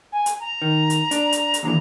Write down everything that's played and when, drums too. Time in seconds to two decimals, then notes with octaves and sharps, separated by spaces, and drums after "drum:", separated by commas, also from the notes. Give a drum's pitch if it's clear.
0.12 G#5
0.26 drum: hi-hat
0.40 A#5
0.62 D#3
0.90 drum: hi-hat
1.11 D4, drum: hi-hat
1.32 drum: hi-hat
1.54 drum: hi-hat
1.63 D#2 D3 E3 A#5